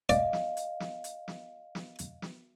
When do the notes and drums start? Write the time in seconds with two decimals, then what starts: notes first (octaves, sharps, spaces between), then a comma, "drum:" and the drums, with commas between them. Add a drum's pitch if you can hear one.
0.09 D5 D#5 F5, drum: hi-hat
0.33 drum: snare
0.57 drum: hi-hat
0.80 drum: snare
1.04 drum: hi-hat
1.28 drum: snare
1.75 drum: snare
1.99 drum: hi-hat
2.22 drum: snare